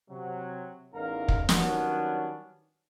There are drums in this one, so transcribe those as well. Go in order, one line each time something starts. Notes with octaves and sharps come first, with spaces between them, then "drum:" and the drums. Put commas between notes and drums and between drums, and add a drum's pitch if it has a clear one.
C3 F#3
A1 E2 D#4 A#4 F5 A#5
drum: kick
D#3 F#3 G3 B3 C#4 D4, drum: snare